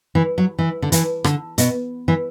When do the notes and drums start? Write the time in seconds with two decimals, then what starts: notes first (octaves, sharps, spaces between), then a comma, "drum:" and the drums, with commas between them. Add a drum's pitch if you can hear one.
0.15 E3
0.38 F#3
0.59 E3
0.82 D3
0.92 E3, drum: hi-hat
1.24 D3, drum: rim click
1.58 B2, drum: hi-hat
2.08 E3